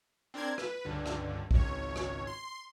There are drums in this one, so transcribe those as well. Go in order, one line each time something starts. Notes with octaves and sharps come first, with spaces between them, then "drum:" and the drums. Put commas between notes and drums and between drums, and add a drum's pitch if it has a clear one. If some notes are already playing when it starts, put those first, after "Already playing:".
C4 D4 A#4 C6 G#6
B4, drum: rim click
C#2 G2 D3
drum: rim click
G#1 C#2 C#5, drum: kick
drum: rim click
C6